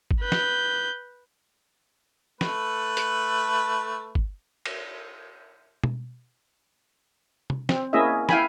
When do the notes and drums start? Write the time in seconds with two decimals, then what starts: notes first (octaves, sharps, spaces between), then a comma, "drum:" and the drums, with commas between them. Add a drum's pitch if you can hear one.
0.11 drum: kick
0.21 B4 G6
0.32 drum: snare
2.41 A3 A4 B4, drum: snare
2.97 drum: hi-hat
4.15 drum: kick
4.66 drum: cymbal
5.84 drum: tom B2
7.50 drum: tom
7.69 C4, drum: snare
7.93 A#3 C#4 E4 G#4 D#5 E5
8.29 E4 F5 G5 G#5 B5, drum: snare